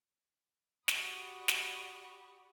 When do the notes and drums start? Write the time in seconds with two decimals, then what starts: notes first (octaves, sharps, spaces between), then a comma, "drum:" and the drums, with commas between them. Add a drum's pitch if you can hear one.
0.88 F#4 G4 D5 B5 C#6 D#6, drum: snare
1.48 drum: snare